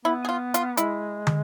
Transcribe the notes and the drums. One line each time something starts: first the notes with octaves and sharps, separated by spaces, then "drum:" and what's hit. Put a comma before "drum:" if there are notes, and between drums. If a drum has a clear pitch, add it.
B3 E4
G#4
F4
F4, drum: hi-hat
G#3 E4, drum: hi-hat
drum: tom